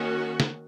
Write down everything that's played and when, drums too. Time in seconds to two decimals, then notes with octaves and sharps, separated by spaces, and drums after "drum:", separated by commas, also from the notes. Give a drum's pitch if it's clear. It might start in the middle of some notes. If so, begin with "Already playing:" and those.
Already playing: D#3 A#3 C#4 F#4
0.40 drum: snare